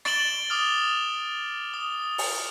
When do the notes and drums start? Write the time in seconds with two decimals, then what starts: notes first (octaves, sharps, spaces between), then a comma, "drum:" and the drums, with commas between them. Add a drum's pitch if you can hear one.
0.05 A6 D7 E7 F#7 G7, drum: rim click
0.50 D6 D#6 F6
1.74 D#6
2.18 drum: open hi-hat